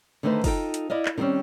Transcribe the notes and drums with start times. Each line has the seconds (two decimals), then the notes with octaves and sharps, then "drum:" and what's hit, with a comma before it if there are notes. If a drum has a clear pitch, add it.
0.23 D3 D#3 A3 D#4 B4 C5
0.44 D#4 F4 A4 G5, drum: kick, open hi-hat
0.74 drum: hi-hat
0.90 E4 D5 D#5 F5
1.05 drum: clap
1.18 D3 D#3 G3 C4 C#4